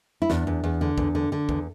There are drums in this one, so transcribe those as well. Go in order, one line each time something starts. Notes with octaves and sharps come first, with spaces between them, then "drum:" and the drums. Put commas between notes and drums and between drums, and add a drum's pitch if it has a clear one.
E4
E2 D4, drum: snare
E2
E2
D3
E2, drum: kick
D3
D3
E2, drum: kick